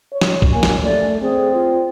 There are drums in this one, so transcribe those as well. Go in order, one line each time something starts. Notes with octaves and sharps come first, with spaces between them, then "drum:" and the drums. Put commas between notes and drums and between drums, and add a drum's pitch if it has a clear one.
C#5
drum: snare
drum: kick
A#3 G#5
drum: snare
A3 D5
C4 G#4
F4